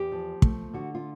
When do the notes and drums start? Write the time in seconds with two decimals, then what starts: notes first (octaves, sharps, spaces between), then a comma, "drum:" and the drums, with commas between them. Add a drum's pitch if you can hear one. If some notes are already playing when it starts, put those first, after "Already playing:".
Already playing: E2 G4
0.12 F3
0.42 A3, drum: kick
0.73 D3 F#4
0.95 F4